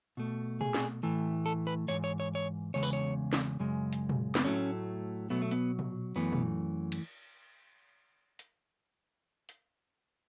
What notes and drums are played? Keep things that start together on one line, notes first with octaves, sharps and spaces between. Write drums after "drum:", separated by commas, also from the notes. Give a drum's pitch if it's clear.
B2 A3
G#4, drum: tom A#2
drum: snare
A2 E3 A3
A4
B4
G#2 E3 C#5, drum: hi-hat
C#5
C#5
C#5
E2 C#3 G#3 C#5
B4, drum: tambourine
C#5
drum: snare
F#2 C#3 G#3
drum: hi-hat
drum: tom A#2
B3, drum: snare
A2 F#3 A3 C#4
B2 F#3 A3 B3
A3
B3, drum: hi-hat
drum: tom A#2
F#2 E3 A3 B3
drum: tom A#2
drum: cymbal
drum: hi-hat
drum: hi-hat